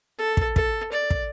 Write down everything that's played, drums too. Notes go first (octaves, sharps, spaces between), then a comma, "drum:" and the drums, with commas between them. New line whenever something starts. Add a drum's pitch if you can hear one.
A4
drum: kick
A4, drum: kick
D5
drum: kick